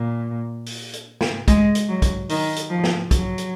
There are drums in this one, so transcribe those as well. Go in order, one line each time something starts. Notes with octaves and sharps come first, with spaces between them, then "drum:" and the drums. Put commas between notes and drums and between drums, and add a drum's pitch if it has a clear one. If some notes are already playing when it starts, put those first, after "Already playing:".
Already playing: A#2
drum: open hi-hat
drum: hi-hat
drum: snare
G#3, drum: kick, hi-hat
drum: hi-hat
F#3
drum: kick, hi-hat
D#3, drum: open hi-hat
drum: hi-hat
F3
drum: snare
F#3, drum: kick, hi-hat
drum: hi-hat